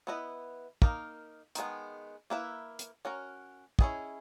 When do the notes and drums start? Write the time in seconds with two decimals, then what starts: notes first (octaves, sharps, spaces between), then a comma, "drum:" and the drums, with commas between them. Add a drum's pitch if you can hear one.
0.07 B3 E4 B4 D#5
0.82 A#3 D#4 A#4, drum: kick
1.55 D#3 G#3 B3, drum: hi-hat
2.30 A#3 E4 B4 E5
2.79 drum: hi-hat
3.05 C#4 F#4 A#4
3.79 C#4 E4 G#4 D#5, drum: kick